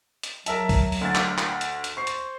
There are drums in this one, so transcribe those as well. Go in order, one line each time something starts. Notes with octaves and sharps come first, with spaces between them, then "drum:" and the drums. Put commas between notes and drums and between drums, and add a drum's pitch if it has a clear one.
drum: hi-hat
F#3 A#4 E5 A5, drum: hi-hat
drum: kick, open hi-hat
drum: open hi-hat
D2 A6
drum: clap
drum: clap
drum: hi-hat
drum: hi-hat
C5 C#6 C7
drum: hi-hat